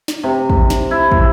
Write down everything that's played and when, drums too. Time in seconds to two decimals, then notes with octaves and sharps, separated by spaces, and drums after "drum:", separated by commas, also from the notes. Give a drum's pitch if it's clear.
0.08 drum: snare
0.23 C3
0.50 drum: kick
0.70 drum: snare
0.91 E4
1.12 drum: kick